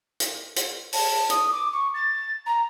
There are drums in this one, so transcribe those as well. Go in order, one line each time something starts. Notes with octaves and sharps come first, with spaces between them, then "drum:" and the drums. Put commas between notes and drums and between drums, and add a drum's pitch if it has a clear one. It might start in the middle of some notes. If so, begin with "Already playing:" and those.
drum: hi-hat
drum: hi-hat
A5, drum: open hi-hat
D#6, drum: hi-hat
D6
C#6
A6
A#5